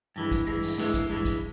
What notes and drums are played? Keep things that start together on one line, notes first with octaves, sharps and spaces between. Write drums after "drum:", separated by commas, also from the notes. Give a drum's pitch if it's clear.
G2 E3 G#3
drum: kick, hi-hat
G2 E3 G#3
drum: open hi-hat
G2 E3 G#3, drum: snare
drum: kick, hi-hat
G2 E3 G#3
drum: kick, hi-hat